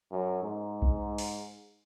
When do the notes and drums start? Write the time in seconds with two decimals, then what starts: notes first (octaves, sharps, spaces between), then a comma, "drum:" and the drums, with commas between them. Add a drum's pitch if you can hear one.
0.12 F#2
0.43 G#2
0.82 drum: kick B1
1.18 drum: open hi-hat